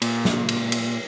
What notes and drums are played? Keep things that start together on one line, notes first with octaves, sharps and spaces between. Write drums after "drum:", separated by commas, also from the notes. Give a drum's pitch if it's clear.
A#2, drum: cymbal
drum: snare
drum: cymbal
drum: cymbal